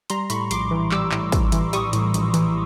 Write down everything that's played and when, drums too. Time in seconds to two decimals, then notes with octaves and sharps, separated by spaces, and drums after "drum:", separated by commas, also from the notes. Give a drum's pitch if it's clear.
0.10 G3 A#5 C6, drum: hi-hat
0.30 A2 B5 C#6, drum: hi-hat
0.51 A#1 C6 D6, drum: hi-hat
0.71 E3
0.91 G3 D6 E6, drum: clap
1.12 A2, drum: clap
1.32 A#1, drum: kick, hi-hat
1.52 E3, drum: hi-hat
1.73 G3 C#6 D#6, drum: hi-hat
1.93 A2, drum: hi-hat
2.14 A#1, drum: hi-hat
2.34 E3, drum: hi-hat